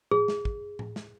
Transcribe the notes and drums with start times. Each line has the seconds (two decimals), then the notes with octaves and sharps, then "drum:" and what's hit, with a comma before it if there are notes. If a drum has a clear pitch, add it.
0.11 G#4, drum: tom A2
0.28 drum: snare
0.45 drum: kick
0.79 drum: tom A2
0.96 drum: snare